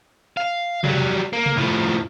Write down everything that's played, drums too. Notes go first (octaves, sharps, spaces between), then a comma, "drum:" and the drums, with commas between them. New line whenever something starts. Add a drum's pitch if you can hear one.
F5
F#3 G3, drum: tom C3
A#3
drum: tom C3
A2 F3